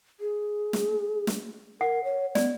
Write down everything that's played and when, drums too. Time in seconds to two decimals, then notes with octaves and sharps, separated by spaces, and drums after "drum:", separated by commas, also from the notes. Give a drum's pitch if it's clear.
0.20 G#4
0.73 drum: snare
1.27 drum: snare
1.81 A#4 F#5
2.04 C#5
2.35 B3 D5, drum: snare